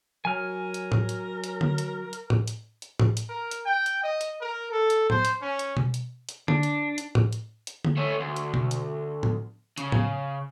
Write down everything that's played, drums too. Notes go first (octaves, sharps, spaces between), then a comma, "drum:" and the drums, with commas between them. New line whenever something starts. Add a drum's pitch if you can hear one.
F#3 A#4 G#5 F6
drum: hi-hat
drum: tom A2
drum: hi-hat
drum: hi-hat
drum: tom D3
drum: hi-hat
drum: hi-hat
drum: tom A2
drum: hi-hat
drum: hi-hat
drum: tom A2
drum: hi-hat
A#4
drum: hi-hat
G5
drum: hi-hat
D#5
drum: hi-hat
A#4
A4
drum: hi-hat
C5, drum: tom A2
drum: hi-hat
C#4
drum: hi-hat
drum: tom B2
drum: hi-hat
drum: hi-hat
D4, drum: tom D3
drum: hi-hat
drum: hi-hat
drum: tom A2
drum: hi-hat
drum: hi-hat
drum: tom D3
A3 C#4
D2
drum: hi-hat
drum: tom B2
drum: hi-hat
drum: tom A2
C#3, drum: hi-hat
drum: tom A2